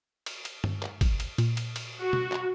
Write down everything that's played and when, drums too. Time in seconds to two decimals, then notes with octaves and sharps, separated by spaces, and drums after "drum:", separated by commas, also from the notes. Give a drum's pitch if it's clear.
0.26 drum: cymbal
0.45 drum: cymbal
0.64 drum: tom G2
0.82 drum: clap
1.01 drum: kick, cymbal
1.20 drum: cymbal
1.38 A#2, drum: cymbal
1.57 drum: cymbal
1.76 drum: cymbal
2.00 F#4
2.13 drum: tom B2
2.32 drum: clap